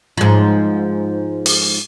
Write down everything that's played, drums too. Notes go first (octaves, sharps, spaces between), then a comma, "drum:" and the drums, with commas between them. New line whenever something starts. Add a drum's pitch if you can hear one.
G#2 F3
drum: open hi-hat